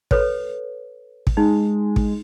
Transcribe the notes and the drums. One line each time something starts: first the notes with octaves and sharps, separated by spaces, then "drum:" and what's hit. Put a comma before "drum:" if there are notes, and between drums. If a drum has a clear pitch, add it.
A4 B4 C#5, drum: kick
drum: kick
G#3 D#4
drum: kick